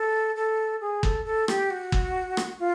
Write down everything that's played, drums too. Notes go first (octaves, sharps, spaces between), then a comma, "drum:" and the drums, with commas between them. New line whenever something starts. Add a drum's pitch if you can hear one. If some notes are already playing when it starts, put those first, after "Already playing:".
Already playing: A4
A4
G#4
A4, drum: kick
A4
G4, drum: rim click
F#4
drum: kick
drum: rim click
F4